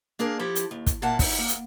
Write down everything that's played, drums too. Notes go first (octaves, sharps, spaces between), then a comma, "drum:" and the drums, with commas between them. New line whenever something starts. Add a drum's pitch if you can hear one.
A#3 D4 G#4 A#4
F3 E4 G4 A4
drum: hi-hat
D#2
drum: kick, hi-hat
A#2 A#3 E4 F#5 A5
D#4 E4, drum: kick, open hi-hat
A#3
drum: hi-hat